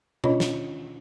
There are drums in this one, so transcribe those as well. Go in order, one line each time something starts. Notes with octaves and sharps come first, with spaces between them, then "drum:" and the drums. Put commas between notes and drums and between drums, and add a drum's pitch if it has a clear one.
C#4 D4 F4 C#5 D#5 B5, drum: tom B2
drum: snare